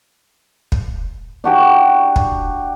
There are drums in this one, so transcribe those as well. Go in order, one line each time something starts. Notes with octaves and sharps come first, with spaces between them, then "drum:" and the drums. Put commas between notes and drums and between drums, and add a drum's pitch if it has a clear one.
drum: kick
D4 F#4 G4
drum: kick